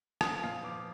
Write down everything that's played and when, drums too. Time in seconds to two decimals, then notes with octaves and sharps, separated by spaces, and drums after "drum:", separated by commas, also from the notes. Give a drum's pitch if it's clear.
0.21 F3 D#6, drum: rim click
0.43 A#2 F5
0.64 F3 D6